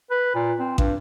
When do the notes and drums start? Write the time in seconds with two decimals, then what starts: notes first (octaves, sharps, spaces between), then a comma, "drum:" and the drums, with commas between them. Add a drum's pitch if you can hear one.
0.11 B4
0.35 A#2
0.59 C4
0.78 G2, drum: kick